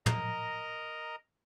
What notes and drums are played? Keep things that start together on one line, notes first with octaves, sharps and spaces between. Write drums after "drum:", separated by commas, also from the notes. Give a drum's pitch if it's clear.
A#4 D#5 A#5, drum: tom